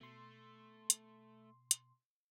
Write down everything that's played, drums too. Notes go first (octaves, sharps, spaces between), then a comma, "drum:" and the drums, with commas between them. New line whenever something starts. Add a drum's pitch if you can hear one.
B2 A3 C6
drum: hi-hat
drum: hi-hat